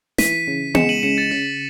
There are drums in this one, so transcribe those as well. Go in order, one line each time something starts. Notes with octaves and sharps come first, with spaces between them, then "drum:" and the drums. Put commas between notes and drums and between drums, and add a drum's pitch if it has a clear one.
E3 B6 D#7, drum: snare
C#3
G#3 C#7 E7, drum: tom B3
D#7 F#7
C#3 C#7 E7
A6 C#7
C#3 B6